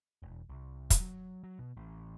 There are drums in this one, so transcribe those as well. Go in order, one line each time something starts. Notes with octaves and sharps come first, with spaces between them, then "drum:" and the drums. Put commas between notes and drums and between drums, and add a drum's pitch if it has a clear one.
E1
C2
drum: kick, hi-hat
F#3
F#3
B2
A1